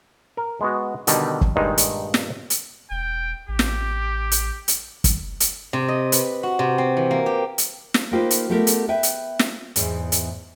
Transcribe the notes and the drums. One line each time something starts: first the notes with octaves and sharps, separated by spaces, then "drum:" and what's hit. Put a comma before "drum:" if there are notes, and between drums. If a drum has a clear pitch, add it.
A#4
G#3 B3 F#4
B2 D3 D#3 G3, drum: hi-hat
drum: kick
G2 A#2 D#3 G#3 D#4
drum: hi-hat
drum: snare
drum: hi-hat
E1 G5
A1 G4
drum: snare
drum: hi-hat
drum: hi-hat
drum: kick, hi-hat
drum: hi-hat
C3
D#5
B4, drum: hi-hat
F#4
C3
C4
E3
A#3
G4
drum: hi-hat
drum: snare
A#3 D#4 F4 G4 B4 C5
drum: hi-hat
A3 B3 F4 G4 A#4
drum: hi-hat
B4 E5 G5
drum: hi-hat
drum: snare
E2 G#2 E3, drum: hi-hat
drum: hi-hat